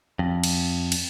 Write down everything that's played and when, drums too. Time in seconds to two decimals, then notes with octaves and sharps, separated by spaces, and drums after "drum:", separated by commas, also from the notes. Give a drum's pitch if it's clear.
0.19 F2
0.44 drum: cymbal
0.92 drum: cymbal